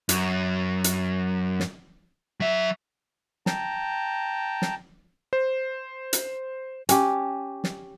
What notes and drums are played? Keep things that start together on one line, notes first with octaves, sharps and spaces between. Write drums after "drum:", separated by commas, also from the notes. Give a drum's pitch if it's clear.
F#2, drum: hi-hat
drum: hi-hat
drum: snare
F#3 E5
G5 A5 A#5, drum: snare
drum: snare
C5
drum: hi-hat
C#4 G4, drum: hi-hat
drum: snare